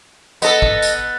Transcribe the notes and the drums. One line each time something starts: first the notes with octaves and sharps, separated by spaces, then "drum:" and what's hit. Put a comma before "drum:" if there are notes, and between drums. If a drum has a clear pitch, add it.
B3 A4 D#5, drum: tambourine
drum: kick
drum: tambourine